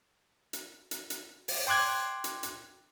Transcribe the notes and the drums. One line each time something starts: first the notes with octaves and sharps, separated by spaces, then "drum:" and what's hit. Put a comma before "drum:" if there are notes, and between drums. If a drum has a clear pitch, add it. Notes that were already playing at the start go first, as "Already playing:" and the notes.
drum: hi-hat
drum: hi-hat
drum: hi-hat
drum: open hi-hat
G5 C6 D6 F#6 G#6
drum: hi-hat
drum: hi-hat